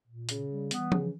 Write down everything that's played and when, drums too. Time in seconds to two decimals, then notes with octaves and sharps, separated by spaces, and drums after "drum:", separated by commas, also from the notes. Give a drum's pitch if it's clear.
0.08 A#2
0.29 C#3, drum: hi-hat
0.50 G3
0.71 E3 B3, drum: hi-hat
0.92 C#3, drum: tom F3